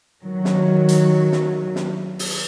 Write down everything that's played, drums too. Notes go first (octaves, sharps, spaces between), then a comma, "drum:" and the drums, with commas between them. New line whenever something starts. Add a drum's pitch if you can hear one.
D#3 F#3
drum: snare
drum: hi-hat
drum: snare
drum: snare
drum: open hi-hat